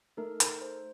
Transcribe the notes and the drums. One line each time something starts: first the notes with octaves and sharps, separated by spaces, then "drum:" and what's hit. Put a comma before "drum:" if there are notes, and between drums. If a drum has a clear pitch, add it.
A3 D#4 A4 A#4
A#4, drum: hi-hat
C5